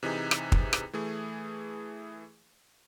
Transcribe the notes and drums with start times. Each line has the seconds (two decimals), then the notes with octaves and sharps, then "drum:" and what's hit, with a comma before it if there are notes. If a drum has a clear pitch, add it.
0.03 C3 E3 D#4 G#4
0.31 drum: rim click
0.52 drum: kick
0.73 drum: rim click
0.93 E3 A3 G#4